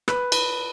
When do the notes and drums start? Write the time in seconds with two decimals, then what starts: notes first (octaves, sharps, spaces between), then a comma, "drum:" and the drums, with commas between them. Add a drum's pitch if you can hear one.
0.08 B4, drum: rim click
0.32 B4, drum: cymbal